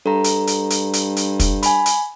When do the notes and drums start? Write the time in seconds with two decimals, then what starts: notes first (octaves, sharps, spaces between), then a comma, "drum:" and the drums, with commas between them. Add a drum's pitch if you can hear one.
0.06 G2 A4 A#5
0.24 drum: hi-hat
0.47 drum: hi-hat
0.70 drum: hi-hat
0.93 drum: hi-hat
1.16 drum: hi-hat
1.40 drum: kick, hi-hat
1.63 G#5 B5, drum: hi-hat
1.86 drum: hi-hat